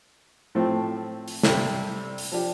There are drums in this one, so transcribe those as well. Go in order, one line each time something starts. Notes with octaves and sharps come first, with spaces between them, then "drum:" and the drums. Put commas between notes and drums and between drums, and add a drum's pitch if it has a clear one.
A2 F3 A3 C4
drum: open hi-hat
C3 G3 D4 A4, drum: snare
drum: open hi-hat
F3 D4 G4